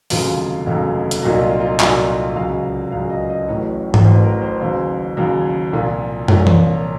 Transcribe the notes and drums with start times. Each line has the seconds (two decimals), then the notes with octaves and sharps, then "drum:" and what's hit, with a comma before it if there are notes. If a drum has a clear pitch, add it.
0.10 F1 D#2 C#3 F#3 F4, drum: open hi-hat
0.66 F1 D#2 C#3 F#3
1.11 drum: hi-hat
1.23 C2 A#2 F#3 D#4
1.42 F4
1.60 F4
1.80 C2 A#2 F#3 D#4, drum: clap
1.98 F4
2.36 C#2 C#3 F#3 F5
2.92 C#2 C#3 F#3 F5
3.10 D#5
3.30 D#5
3.48 A1 A2 F#3 C#5
3.94 drum: tom G#2
4.04 A1 A2 F#3 C5
4.24 A#4
4.42 C5
4.60 D#2 C#3 F#3 C5
5.17 D#2 C#3 F#3
5.72 C2 A#2 F3
6.28 C2 A#2 F3 C#5, drum: tom
6.47 drum: tom E3